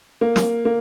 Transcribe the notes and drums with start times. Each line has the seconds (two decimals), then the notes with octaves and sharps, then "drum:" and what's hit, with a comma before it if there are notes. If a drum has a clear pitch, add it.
0.21 A#3
0.36 drum: snare
0.65 A#3